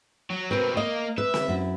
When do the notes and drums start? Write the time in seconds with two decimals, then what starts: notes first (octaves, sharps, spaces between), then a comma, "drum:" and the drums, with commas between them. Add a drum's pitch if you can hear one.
0.30 F#3
0.51 B2 C4 A#4 B4
0.77 A#3 D#5
1.18 B4 E5
1.34 drum: snare C4
1.48 F#2 E4